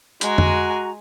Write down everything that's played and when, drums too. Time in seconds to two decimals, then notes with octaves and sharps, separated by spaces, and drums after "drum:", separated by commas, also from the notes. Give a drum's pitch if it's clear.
0.21 G#3 F#4 G#5 A#5, drum: hi-hat
0.38 drum: tom F2